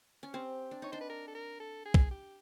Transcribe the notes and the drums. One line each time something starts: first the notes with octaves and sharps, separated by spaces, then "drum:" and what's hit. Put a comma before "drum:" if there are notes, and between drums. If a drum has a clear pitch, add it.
C#4
C4 G4
D4
D#4 C#5
D4 C5
B4
A#4
A4
A#4
A4
G#4
drum: kick
G4